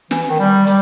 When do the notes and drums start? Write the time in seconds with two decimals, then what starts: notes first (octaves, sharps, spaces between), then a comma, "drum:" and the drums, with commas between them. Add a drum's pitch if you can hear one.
0.11 E3, drum: snare
0.29 D#3
0.39 G3
0.67 G3, drum: hi-hat